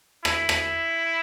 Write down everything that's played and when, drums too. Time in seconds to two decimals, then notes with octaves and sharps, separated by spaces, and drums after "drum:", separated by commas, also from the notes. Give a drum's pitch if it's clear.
0.25 E4, drum: rim click
0.49 drum: rim click